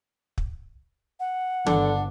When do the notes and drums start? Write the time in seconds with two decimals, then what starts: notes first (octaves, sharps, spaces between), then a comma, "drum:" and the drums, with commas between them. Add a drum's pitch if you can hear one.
0.38 drum: kick
1.20 F#5
1.66 G1 D3 D4, drum: tom